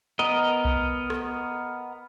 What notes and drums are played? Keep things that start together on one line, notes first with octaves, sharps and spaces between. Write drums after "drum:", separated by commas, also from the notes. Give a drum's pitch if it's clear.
B3 A#4 D#5
drum: kick C2
drum: rim click